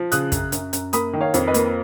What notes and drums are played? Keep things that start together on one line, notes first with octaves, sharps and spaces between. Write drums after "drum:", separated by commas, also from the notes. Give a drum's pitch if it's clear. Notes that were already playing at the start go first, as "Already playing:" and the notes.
Already playing: F3
C#3 D#6 F#6, drum: hi-hat
F#2, drum: kick, hi-hat
F#2, drum: hi-hat
F#2, drum: hi-hat
A#3 B5 D#6, drum: hi-hat
D#3
C#5 F5
F2, drum: hi-hat
B4 D#5
A#3, drum: hi-hat